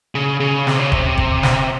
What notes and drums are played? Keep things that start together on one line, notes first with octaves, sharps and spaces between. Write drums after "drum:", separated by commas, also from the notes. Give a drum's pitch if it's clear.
C#3
C#3
C3, drum: snare
C#3
C3, drum: kick
drum: kick
drum: snare